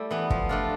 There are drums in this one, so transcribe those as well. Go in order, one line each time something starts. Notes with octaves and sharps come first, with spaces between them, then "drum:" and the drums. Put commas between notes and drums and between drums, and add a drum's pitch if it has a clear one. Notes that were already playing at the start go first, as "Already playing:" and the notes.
Already playing: G3 A3 E4 G4
E3 B3
F3, drum: kick
A3 D4 F4